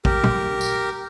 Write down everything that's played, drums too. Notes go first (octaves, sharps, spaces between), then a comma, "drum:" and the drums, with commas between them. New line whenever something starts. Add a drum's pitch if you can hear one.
G4 A#4, drum: kick
drum: tom
drum: tambourine